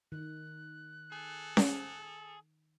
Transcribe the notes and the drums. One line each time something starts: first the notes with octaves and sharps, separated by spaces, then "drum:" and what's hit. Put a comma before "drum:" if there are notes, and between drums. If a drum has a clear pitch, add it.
D#3 F#6
G#4 A4
drum: snare C#4